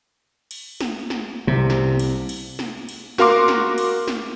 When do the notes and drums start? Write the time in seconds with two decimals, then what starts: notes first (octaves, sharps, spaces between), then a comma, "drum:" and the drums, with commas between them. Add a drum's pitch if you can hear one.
0.51 drum: cymbal
0.81 drum: snare
1.10 drum: snare
1.47 C2 C3
1.70 drum: snare
1.99 drum: cymbal
2.29 drum: cymbal
2.59 drum: snare
2.89 drum: cymbal
3.18 F#4 A#4 F5 C6 D6, drum: snare
3.48 drum: snare
3.78 drum: cymbal
4.08 drum: snare